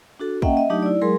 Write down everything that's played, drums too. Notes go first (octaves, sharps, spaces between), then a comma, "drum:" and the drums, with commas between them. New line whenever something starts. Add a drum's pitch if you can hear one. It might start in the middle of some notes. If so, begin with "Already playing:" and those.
D4 F#4 A4
A#3 C#4 D#5 E5 F#5 G5, drum: kick
D#5 E5
F#3 A3 D4 D#4 G4
E4 D5
F#3 G#3 G#4 A#4 C6